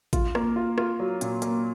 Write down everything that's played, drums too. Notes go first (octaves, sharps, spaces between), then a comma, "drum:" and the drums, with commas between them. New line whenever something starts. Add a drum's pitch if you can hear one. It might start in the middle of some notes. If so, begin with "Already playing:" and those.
F4, drum: kick A1, hi-hat
A#3, drum: rim click
F4
F4, drum: rim click
F#3
A#2, drum: hi-hat
A#3, drum: hi-hat